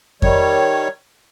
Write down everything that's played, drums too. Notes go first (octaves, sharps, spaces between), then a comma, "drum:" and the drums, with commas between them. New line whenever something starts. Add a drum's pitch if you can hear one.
D#3 G3 C#5, drum: kick F2